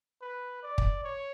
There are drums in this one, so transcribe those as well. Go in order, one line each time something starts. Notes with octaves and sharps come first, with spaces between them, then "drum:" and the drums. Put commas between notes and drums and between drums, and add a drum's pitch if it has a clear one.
B4
D5
drum: kick
C#5